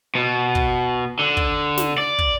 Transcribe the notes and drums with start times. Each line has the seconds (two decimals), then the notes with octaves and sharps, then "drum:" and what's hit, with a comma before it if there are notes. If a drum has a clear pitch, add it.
0.15 B2
0.55 drum: kick
1.19 D3
1.37 drum: kick
1.78 drum: snare
1.98 D5
2.18 drum: kick